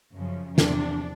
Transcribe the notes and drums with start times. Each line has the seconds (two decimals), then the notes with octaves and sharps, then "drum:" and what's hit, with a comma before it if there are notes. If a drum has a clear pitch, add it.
0.15 F#2 C#3 F3
0.58 E2 C3 F3 D4, drum: snare